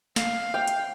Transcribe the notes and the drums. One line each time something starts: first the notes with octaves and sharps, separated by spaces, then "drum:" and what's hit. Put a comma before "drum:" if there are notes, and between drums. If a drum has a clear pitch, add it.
F5, drum: snare
G5
drum: hi-hat